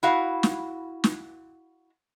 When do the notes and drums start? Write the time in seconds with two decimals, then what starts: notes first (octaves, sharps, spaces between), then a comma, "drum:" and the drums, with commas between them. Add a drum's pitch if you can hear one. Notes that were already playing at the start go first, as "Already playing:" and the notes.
0.03 E4 F#4 F5
0.43 drum: snare
1.04 drum: snare